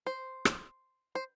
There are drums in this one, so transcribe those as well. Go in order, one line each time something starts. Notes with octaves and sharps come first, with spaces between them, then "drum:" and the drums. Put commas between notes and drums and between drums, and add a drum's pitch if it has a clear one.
C5
drum: rim click
C5